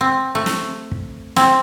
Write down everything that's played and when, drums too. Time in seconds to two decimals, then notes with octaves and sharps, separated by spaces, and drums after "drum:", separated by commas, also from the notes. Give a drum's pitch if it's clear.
0.01 C4
0.35 A3
0.46 drum: snare
0.91 drum: kick
1.36 C4, drum: snare